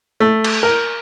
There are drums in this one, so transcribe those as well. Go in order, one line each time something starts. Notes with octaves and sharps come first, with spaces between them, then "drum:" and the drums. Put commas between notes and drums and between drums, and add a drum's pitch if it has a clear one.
A3
drum: cymbal
A#4